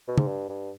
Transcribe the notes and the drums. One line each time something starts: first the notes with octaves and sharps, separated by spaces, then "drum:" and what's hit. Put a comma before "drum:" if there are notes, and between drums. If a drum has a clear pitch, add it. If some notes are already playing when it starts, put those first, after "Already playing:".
B2
G#2, drum: tom
G2
G2